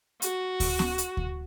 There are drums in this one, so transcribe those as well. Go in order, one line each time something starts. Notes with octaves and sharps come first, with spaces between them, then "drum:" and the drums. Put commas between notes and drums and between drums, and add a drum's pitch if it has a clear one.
F#4, drum: hi-hat
drum: kick D2, open hi-hat
drum: snare B3
drum: hi-hat
drum: kick D2